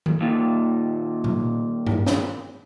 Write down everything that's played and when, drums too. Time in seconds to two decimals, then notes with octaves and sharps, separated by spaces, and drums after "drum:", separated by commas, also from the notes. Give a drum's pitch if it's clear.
0.06 drum: tom D#3
0.21 D#2 A#2
1.24 drum: tom A#2
1.87 drum: tom G2
2.06 drum: snare